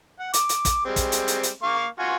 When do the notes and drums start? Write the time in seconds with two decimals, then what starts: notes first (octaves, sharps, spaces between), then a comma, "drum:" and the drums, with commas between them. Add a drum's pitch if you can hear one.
0.19 F#5
0.33 D6, drum: hi-hat
0.49 drum: hi-hat
0.65 drum: kick, hi-hat
0.85 G3 G#3 C4
0.96 drum: kick, hi-hat
1.12 drum: hi-hat
1.28 drum: hi-hat
1.43 drum: hi-hat
1.63 A#3 F5 C#6
1.99 F4 F#4 G#5